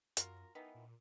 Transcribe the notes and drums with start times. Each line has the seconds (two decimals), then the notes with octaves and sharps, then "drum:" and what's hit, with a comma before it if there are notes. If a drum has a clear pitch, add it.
0.17 F#2 F4 F#4 A#4, drum: hi-hat
0.55 D#3 E3 B3 D#4
0.75 A#2